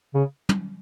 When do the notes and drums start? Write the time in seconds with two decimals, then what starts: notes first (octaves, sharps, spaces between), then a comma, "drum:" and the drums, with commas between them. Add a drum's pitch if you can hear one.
0.15 C#3
0.49 drum: tom